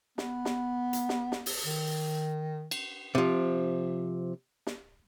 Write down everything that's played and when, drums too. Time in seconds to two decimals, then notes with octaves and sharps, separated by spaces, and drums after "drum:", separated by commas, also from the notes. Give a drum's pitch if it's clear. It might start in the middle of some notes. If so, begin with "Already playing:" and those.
0.18 B3, drum: snare
0.45 drum: snare
0.93 drum: hi-hat
1.09 drum: snare
1.32 drum: snare
1.46 drum: open hi-hat
1.65 D#3
2.71 drum: cymbal
3.15 C3 F3
4.67 drum: snare